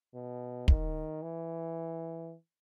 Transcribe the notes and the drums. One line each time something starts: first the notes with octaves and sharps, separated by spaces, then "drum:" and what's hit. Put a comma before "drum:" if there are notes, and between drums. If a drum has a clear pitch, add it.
B2
D#3, drum: kick
E3